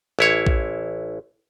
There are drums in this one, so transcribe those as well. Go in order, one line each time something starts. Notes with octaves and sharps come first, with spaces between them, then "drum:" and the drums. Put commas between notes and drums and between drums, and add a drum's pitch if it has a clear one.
A1 E4 C#5
drum: kick A#1